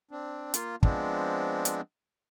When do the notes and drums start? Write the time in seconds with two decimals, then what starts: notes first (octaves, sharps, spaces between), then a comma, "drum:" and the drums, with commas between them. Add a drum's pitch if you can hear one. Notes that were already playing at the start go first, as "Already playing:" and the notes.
0.11 C4 D4
0.54 A#3 F4, drum: hi-hat
0.83 F3 G#3 B3 C4 D4, drum: kick
1.65 drum: hi-hat